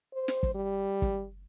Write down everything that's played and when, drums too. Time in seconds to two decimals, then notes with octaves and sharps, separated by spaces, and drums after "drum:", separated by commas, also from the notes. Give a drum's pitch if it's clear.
0.13 C5
0.28 drum: snare
0.43 drum: kick
0.54 G3
1.02 drum: kick